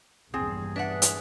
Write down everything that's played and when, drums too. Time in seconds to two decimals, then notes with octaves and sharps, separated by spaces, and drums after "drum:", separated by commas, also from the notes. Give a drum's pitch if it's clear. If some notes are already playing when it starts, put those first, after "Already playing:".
0.34 A#1 E2 G2 C4 G#4
0.76 D4 B4 E5 F#5
1.02 drum: hi-hat